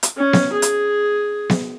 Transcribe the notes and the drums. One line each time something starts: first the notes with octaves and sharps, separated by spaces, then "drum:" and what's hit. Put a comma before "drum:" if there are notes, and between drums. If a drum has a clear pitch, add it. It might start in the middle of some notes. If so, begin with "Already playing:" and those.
drum: hi-hat
C#4
drum: snare B3
G#4
drum: hi-hat
drum: snare B3